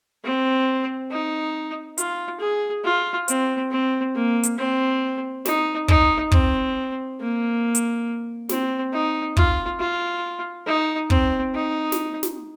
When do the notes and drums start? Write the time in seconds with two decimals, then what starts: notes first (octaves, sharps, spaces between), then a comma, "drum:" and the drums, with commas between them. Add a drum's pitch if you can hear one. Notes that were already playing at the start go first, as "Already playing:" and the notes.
0.24 C4
1.11 D#4
1.98 F4, drum: hi-hat
2.40 G#4
2.84 F4
3.28 C4, drum: hi-hat
3.71 C4
4.15 A#3
4.44 drum: hi-hat
4.57 C4
5.45 D#4, drum: snare
5.88 D#4, drum: kick
6.32 C4, drum: kick
7.20 A#3
7.75 drum: hi-hat
8.49 C4, drum: snare
8.93 D#4
9.37 F4, drum: kick
9.79 F4
10.66 D#4
11.10 C4, drum: kick
11.54 D#4
11.92 drum: snare
12.23 drum: snare